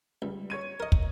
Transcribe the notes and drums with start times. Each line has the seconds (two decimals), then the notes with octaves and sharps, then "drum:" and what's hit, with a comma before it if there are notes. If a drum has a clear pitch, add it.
0.22 C#2 G3
0.50 C#5 G#6 D#7
0.80 A#4 D#5
0.92 drum: kick